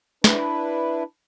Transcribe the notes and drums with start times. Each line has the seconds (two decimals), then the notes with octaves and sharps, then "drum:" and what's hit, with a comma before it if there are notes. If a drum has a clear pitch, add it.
0.24 D4 E4 B4, drum: snare